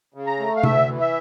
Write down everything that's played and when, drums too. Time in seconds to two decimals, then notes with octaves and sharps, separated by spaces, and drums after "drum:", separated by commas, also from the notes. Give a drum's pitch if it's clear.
0.14 C#3
0.27 A#5
0.39 A3
0.56 F5
0.63 D2 E5, drum: tom C3
0.89 E3
1.00 E5